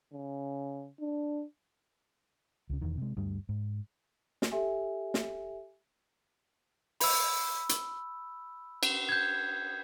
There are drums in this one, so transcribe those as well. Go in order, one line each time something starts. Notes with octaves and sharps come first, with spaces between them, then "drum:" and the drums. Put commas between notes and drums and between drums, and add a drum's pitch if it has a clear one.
C#3
D4
C#2 C#3
E1 E2 D#3
C3 G#3
D2 G2 G3
G#2
drum: snare
G4 A4 E5 G#5
drum: snare
B5 E6, drum: open hi-hat
drum: hi-hat
drum: cymbal
G6 G#6